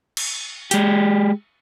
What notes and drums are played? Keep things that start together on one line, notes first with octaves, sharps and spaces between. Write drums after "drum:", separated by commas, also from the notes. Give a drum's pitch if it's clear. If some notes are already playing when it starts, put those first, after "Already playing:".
drum: cymbal
G#3 G4, drum: hi-hat